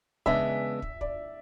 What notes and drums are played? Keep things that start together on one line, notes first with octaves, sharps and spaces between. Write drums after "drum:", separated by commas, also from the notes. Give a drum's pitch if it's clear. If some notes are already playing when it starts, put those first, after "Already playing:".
E2 C#3 G#3 B3 D4 E5, drum: kick
drum: kick
D5, drum: kick